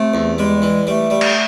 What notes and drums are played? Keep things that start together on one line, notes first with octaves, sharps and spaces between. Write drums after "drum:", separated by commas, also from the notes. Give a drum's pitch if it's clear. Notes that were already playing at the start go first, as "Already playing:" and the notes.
Already playing: C3 A3
E2
G3 G#3
E3
G3 A3
G3
drum: cymbal